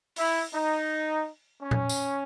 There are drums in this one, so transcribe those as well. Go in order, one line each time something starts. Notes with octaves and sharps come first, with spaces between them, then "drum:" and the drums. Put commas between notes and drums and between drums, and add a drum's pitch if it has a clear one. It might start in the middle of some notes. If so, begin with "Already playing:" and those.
E4, drum: open hi-hat
D#4
C#4
drum: tom A#2
drum: tambourine